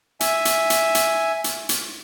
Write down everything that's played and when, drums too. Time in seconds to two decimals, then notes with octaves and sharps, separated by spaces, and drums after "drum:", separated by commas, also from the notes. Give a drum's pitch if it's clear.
0.20 E5 G#5, drum: hi-hat
0.45 drum: hi-hat
0.70 drum: hi-hat
0.95 drum: hi-hat
1.44 drum: hi-hat
1.69 drum: hi-hat